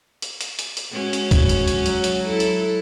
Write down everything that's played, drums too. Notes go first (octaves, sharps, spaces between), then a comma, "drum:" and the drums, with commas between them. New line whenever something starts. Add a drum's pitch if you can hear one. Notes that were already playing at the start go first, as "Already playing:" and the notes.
drum: hi-hat
drum: hi-hat
drum: hi-hat
drum: hi-hat
G#3 C#4 F#4
drum: hi-hat
drum: kick, hi-hat
drum: hi-hat
drum: hi-hat
F#3, drum: hi-hat
drum: hi-hat
E4 A4
drum: hi-hat